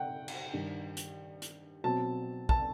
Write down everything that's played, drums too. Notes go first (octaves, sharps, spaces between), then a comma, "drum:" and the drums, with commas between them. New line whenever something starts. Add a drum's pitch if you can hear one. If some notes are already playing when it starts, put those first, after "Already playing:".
Already playing: F#5 G5
drum: cymbal
G2 D#3 G3
drum: hi-hat
drum: hi-hat
B2 F#3 C4 A5
A5, drum: kick